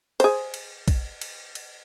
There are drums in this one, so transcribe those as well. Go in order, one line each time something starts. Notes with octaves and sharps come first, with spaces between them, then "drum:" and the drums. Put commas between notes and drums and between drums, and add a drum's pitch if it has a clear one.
G#4 C5, drum: cymbal
drum: cymbal
drum: kick, cymbal
drum: cymbal
drum: cymbal